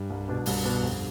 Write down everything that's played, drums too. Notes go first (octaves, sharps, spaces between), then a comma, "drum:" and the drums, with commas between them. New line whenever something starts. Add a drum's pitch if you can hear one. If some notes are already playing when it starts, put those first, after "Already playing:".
Already playing: G2
C2
B2 B3 D4
C2 G2, drum: open hi-hat
B2 B3 D4
F2